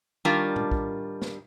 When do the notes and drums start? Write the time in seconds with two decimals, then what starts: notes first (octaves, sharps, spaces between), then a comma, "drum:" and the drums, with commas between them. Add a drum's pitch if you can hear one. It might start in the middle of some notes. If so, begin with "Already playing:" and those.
0.25 D#3 G3 D4 F4 A#4
0.56 drum: tom A2
0.71 drum: kick
1.22 drum: snare